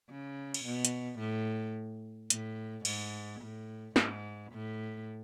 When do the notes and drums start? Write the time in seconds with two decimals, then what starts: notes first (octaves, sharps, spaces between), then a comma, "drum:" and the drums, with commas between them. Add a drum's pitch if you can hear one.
0.09 C#3
0.54 drum: cymbal
0.65 B2
0.85 drum: hi-hat
1.19 A2
2.30 A2, drum: hi-hat
2.85 G#2, drum: cymbal
3.41 A2
3.96 G#2, drum: snare
4.52 A2